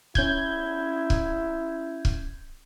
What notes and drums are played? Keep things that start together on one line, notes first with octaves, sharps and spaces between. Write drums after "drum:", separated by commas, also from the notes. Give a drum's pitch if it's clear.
C#4 E4 G6 G#6, drum: kick
drum: kick
drum: kick